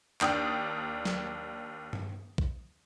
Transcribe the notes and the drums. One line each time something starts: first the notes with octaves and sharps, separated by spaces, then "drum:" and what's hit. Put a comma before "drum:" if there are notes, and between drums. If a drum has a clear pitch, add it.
D#2 D4 G5 D#6, drum: clap
drum: snare
drum: tom G2
drum: kick B1